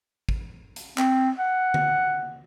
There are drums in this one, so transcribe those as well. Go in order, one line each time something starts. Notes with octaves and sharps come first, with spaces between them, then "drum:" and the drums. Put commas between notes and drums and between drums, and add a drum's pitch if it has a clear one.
drum: kick
drum: hi-hat
C4, drum: clap
F#5
drum: tom D3